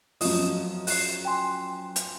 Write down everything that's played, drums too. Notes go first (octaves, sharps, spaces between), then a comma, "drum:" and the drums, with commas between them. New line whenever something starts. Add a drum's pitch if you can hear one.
F#2 F3 D#5 D#6, drum: open hi-hat
F#6 C7, drum: open hi-hat
G5 G#5 C6
drum: hi-hat